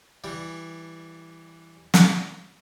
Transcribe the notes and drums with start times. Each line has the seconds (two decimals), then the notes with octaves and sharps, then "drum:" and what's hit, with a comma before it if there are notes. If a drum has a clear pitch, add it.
0.24 E3 G3
1.94 drum: snare